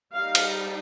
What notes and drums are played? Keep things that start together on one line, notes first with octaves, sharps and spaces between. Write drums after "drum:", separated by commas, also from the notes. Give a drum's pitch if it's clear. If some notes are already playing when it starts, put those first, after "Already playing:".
G3 D#4 F5
drum: cymbal